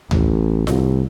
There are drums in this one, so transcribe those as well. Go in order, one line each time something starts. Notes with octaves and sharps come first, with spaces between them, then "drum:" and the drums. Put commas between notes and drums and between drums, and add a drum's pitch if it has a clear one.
A1, drum: tom D2
C2, drum: snare F4